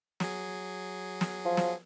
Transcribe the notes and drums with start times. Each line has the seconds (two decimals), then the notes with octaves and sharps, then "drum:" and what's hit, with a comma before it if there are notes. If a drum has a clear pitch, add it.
0.20 F#3 G#4, drum: snare
1.21 drum: snare
1.45 F3
1.57 drum: snare